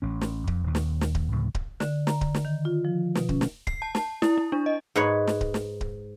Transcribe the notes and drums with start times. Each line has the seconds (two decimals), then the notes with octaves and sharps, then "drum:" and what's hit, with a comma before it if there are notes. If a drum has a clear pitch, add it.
0.02 A1 C#4
0.21 drum: snare
0.47 F2, drum: kick D1
0.63 D#1 D#2
0.75 drum: snare
1.01 drum: snare
1.15 drum: kick D1
1.32 D2 A2 C#3 F3
1.55 drum: kick D1
1.80 D3, drum: snare
2.07 A#5, drum: snare
2.21 D3, drum: kick D1
2.34 drum: snare
2.45 D#3
2.65 F4
2.85 F3
3.15 B2, drum: snare
3.29 C#4, drum: kick D1
3.41 drum: snare
3.67 C7, drum: kick D1
3.82 A5
3.95 A5, drum: snare
4.22 E4, drum: snare
4.38 E4
4.52 D4
4.66 D#5
4.95 G#2 B4 C#5
5.27 drum: snare
5.41 drum: kick D1
5.54 drum: snare
5.81 drum: kick D1